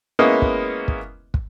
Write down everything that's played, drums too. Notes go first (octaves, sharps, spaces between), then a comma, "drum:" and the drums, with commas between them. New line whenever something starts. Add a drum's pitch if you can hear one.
G#3 A#3 B3 C#4 E4 D#5
drum: kick
drum: kick
drum: kick